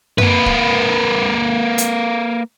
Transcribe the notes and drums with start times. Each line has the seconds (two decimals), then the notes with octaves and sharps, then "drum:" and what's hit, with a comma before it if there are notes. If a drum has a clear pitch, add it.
0.18 A#3 B4, drum: tom F#2
0.46 drum: kick D1
1.78 drum: hi-hat